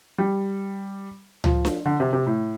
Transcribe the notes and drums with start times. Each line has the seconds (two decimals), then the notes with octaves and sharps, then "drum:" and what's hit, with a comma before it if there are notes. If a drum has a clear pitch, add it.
0.18 G3
1.44 F3, drum: tom C#2
1.65 drum: snare D4
1.86 D3
2.00 C3
2.13 C3
2.26 A2